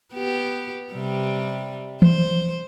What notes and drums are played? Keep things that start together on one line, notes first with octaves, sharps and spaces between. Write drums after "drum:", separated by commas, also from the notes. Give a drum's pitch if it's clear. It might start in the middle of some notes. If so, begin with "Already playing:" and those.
B3 G4
C3 G3
C5, drum: tom E3